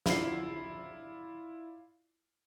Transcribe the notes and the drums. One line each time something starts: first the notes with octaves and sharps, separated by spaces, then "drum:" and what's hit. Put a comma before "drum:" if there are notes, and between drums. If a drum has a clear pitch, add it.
E4 F4 D5 F5 C7, drum: snare